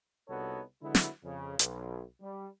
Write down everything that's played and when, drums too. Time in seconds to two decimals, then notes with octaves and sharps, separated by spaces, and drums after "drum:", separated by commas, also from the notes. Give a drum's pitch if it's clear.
0.29 C2 B3 D#4 F#4 A4 C#5
0.83 D3 F#3 G#3 B3 E4
0.95 drum: snare
1.24 F2 C#3
1.59 B1, drum: hi-hat
2.22 G3